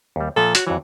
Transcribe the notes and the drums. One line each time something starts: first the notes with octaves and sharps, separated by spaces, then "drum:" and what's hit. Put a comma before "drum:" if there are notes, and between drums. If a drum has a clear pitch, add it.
D#2 G3
A#2 F3 A4 E5
F#4 C#5, drum: hi-hat
F2 E3 F#3